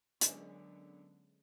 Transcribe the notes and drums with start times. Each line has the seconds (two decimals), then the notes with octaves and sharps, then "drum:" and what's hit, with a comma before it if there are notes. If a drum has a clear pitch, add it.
0.21 D3 F#3 G#3 B3 C#4 D4 A#4 D5, drum: hi-hat